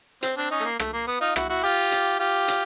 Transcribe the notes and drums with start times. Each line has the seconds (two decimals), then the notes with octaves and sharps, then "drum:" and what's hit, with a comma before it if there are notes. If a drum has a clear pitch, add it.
0.23 C4, drum: hi-hat
0.37 C4 D4
0.51 C#4 D#4
0.60 A3
0.65 A#3
0.80 A3, drum: rim click
0.94 A#3
1.07 B3
1.21 D#4 F4
1.36 E4 F#4, drum: rim click
1.49 E4 F#4
1.63 F4 G4
1.92 drum: hi-hat
2.19 F4 G4
2.48 drum: hi-hat